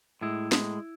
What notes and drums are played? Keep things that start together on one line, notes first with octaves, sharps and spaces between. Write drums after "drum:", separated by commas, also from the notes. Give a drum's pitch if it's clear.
A2 G#3 E4
A2 G#3, drum: snare